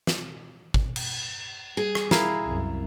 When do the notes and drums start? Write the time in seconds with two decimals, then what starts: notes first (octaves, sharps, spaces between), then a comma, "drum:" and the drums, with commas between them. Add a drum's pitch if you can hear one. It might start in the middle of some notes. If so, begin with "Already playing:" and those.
0.07 drum: snare
0.74 drum: kick
0.96 drum: cymbal
1.77 G3 G#4
1.95 drum: rim click
2.11 E4 A#4 F5, drum: snare
2.44 C2 F#2